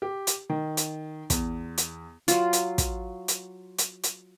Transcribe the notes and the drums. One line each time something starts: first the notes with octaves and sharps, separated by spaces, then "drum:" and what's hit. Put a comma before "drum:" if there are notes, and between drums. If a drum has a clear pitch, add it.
G4
drum: hi-hat
D#3
drum: hi-hat
E2, drum: kick, hi-hat
drum: hi-hat
F#3 F4, drum: hi-hat
drum: hi-hat
drum: kick, hi-hat
drum: hi-hat
drum: hi-hat
drum: hi-hat